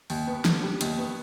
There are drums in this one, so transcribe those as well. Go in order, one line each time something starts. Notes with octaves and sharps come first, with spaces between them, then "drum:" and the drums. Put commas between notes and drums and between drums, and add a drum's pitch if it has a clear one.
D#2, drum: open hi-hat
B3
D3, drum: snare
G3
D#2, drum: hi-hat
B3